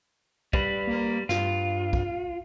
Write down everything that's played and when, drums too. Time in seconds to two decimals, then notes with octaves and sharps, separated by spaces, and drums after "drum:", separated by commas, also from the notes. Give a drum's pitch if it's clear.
0.53 G3 B4, drum: kick
0.87 A#3
1.29 G2 F4, drum: snare
1.93 drum: kick